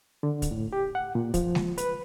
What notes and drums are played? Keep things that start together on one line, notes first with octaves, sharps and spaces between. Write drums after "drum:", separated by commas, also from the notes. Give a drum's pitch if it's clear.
D3
drum: kick, hi-hat
A2
G4
F#5
A#2
F3, drum: kick, hi-hat
drum: snare
B4, drum: hi-hat